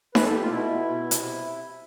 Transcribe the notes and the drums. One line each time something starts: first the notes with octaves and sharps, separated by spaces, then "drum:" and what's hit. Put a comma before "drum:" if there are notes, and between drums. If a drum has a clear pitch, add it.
B4, drum: snare D#4
A4
G4
F4
B2 E4
B2
C3, drum: hi-hat